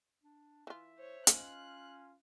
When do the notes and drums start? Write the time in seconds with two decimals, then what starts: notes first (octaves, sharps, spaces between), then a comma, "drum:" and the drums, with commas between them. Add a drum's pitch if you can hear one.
0.23 D4
0.67 E3 F4 E5
0.98 C5 C#5
1.27 C#4 D#4 F4 F#6, drum: hi-hat